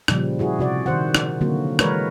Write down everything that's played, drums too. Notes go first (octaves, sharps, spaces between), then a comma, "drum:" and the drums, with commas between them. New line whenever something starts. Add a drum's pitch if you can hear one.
A#2 C#3 F3 G3, drum: rim click
E4 F#4 G#4
C3 F#4 D5
D#3 C5 F#5
drum: rim click
D3 F#3 A#3 C4 F#4
E3 G#3 A#4 B4 C#5, drum: rim click